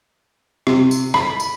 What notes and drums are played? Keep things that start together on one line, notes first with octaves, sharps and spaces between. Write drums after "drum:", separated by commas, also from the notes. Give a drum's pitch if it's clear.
C3, drum: rim click
drum: tambourine
B5, drum: rim click
drum: tambourine